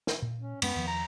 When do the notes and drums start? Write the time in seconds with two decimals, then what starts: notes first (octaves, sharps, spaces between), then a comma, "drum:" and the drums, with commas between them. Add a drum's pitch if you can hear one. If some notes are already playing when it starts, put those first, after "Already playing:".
0.07 drum: snare
0.22 A#2
0.38 C#4
0.62 F#2 G#3 B3 C#4, drum: cymbal
0.75 E2 D#3 F3
0.87 A#5